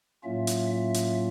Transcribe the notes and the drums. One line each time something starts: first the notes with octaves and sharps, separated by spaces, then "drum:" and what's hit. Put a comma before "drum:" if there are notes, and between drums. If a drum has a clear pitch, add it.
A2 F#3 A#3 C#4 F4 E5
drum: hi-hat
E5
drum: hi-hat